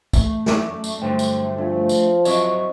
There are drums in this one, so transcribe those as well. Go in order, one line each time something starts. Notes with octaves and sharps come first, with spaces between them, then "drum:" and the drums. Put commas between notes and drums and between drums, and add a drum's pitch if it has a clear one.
A3, drum: kick, tambourine
F#2 D5, drum: snare
drum: tambourine
G2 D3 F#3 C5 G5
drum: tambourine
F3 D4
drum: tambourine
F#3 C4 E4 C5 C#5 D#5, drum: tambourine